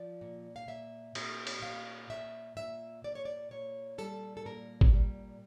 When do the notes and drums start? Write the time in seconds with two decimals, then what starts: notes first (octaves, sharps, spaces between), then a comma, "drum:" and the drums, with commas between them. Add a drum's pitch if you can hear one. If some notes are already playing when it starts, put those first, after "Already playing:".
Already playing: F3 D5
0.21 A#2
0.56 F5
0.68 A#2 E5
1.15 A#2, drum: cymbal
1.47 drum: cymbal
1.62 A#2 F5
2.10 A#2 E5
2.57 A#2 E5
3.04 A#2 D5
3.15 C#5
3.25 D5
3.51 A#2 C#5
3.98 G3 A4
4.37 A4
4.45 A#2 A#4
4.81 drum: kick G#1
4.93 G3